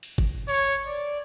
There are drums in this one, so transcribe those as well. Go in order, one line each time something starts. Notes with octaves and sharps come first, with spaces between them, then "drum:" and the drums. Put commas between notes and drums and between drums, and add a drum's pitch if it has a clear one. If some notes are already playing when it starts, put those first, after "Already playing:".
drum: cymbal
drum: kick G1
C#5, drum: cymbal
D5